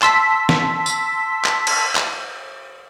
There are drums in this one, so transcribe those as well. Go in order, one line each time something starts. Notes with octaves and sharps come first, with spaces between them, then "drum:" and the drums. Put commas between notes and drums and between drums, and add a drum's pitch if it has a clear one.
A5 C6 E6 B6, drum: clap
drum: snare
drum: tambourine
drum: clap
drum: cymbal
drum: clap